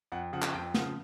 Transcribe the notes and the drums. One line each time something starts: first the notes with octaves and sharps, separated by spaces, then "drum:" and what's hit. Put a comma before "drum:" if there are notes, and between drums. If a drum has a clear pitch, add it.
F2 F#5
C#3 F3 F#5
drum: clap
F2 G5
C#3 F3 F#5, drum: snare